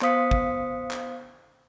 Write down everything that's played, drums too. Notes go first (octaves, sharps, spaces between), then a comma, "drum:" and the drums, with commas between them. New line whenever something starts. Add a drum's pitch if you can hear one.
B3 C5 F5 D#6 B6 C#7, drum: clap
drum: kick
drum: clap